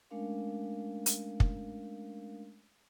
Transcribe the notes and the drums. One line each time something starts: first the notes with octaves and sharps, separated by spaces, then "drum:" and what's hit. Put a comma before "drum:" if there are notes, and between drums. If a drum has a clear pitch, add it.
G#3 A3 C#4 D4 A#4 F5
drum: hi-hat
drum: kick